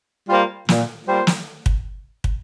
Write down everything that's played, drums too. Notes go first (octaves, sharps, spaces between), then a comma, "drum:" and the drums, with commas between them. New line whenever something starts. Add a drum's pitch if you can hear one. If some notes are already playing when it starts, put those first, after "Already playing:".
G3 A#3 F4 C5
A#2, drum: snare
G3 A#3 F4 C5
drum: snare
drum: kick
drum: kick